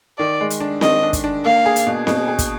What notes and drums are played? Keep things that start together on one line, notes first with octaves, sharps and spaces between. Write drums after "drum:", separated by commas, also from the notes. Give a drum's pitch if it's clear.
D#3 D5
G#3
drum: hi-hat
D4
D#3 D#5, drum: snare C4
D4
drum: kick, hi-hat
D4
A#3 F5
G#4
drum: hi-hat
B2
B2, drum: snare C4
G#4
drum: kick, hi-hat